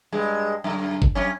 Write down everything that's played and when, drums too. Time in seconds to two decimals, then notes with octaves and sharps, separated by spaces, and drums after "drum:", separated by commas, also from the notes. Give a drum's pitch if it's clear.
0.12 G2 G#3
0.64 F#2 D3
1.02 drum: kick G1
1.15 F#2 C#4